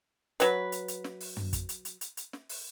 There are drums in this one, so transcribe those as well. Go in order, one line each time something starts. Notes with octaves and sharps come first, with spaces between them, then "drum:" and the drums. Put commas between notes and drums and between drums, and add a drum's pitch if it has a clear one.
F#3 B4, drum: hi-hat
drum: hi-hat
drum: hi-hat
drum: snare
drum: open hi-hat
drum: tom
drum: kick, hi-hat
drum: hi-hat
drum: hi-hat
drum: hi-hat
drum: hi-hat
drum: snare
drum: open hi-hat